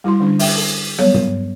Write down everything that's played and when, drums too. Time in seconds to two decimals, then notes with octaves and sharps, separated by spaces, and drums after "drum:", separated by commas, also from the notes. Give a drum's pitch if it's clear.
0.04 G3 E4 F#4 C6
0.20 D3 G3 C#4 D4
0.39 E5 G5, drum: open hi-hat
0.57 A4
0.98 F#3 G3 B3 A4 C#5, drum: rim click
1.14 drum: tom